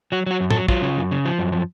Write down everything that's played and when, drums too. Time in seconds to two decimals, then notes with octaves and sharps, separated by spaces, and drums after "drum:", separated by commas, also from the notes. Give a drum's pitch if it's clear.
0.12 F#3 F#4
0.26 F#3 F#4
0.41 F#2
0.50 A4, drum: tom
0.55 F#3
0.68 F#3 F4, drum: kick
0.82 C#3
0.97 F#2
1.11 C#3
1.25 F3
1.39 F#2
1.52 F3